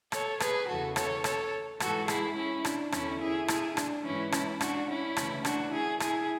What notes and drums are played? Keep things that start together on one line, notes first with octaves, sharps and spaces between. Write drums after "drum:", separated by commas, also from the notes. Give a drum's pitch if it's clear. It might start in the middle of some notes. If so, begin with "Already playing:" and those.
A4 C#5, drum: rim click
G#4 B4, drum: rim click
E2 C#3 E3 F#4 A4
A4 C#5, drum: rim click
A4 C#5, drum: rim click
G#2 E3 F#4 A4, drum: rim click
E4 G#4, drum: rim click
C#4 E4
D4, drum: rim click
E2 D3 C#4 E4, drum: rim click
E4 G#4
E4 G#4, drum: rim click
D4, drum: rim click
G#2 E3 C#4 E4
C#4 E4, drum: rim click
D4 F#4, drum: rim click
C#4 E4
D2 C#3 E3, drum: rim click
D4 F#4, drum: rim click
E4 G#4
E4 G#4, drum: rim click